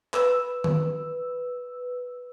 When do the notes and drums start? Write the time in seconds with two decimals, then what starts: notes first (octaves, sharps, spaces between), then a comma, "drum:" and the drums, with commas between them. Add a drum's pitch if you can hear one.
0.14 B4 E6, drum: clap
0.64 drum: tom D#3